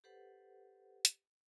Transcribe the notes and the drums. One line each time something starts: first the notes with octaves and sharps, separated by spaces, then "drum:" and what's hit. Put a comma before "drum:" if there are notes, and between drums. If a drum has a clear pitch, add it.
G4 A4 B4 C5 F#5
drum: hi-hat